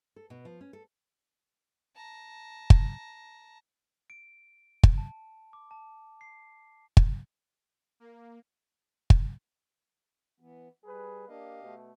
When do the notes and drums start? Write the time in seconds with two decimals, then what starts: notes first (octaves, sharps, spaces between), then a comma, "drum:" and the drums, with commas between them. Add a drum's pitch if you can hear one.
0.16 A4
0.30 B2
0.45 F3
0.61 C#4
0.73 A4
1.95 A5 A#5
2.70 drum: kick
4.10 D7
4.83 drum: kick
4.98 A5
5.53 D6
5.71 A5
6.21 C7
6.97 drum: kick
8.00 A#3
9.10 drum: kick
10.40 E3 B3
10.85 G3 G#4 B4
11.28 A#3 D4 G4 D#5 F5
11.62 B2 A3